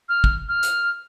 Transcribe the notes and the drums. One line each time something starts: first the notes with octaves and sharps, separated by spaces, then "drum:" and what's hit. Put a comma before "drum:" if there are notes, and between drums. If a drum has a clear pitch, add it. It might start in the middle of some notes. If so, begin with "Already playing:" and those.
F6
drum: kick
F6
drum: hi-hat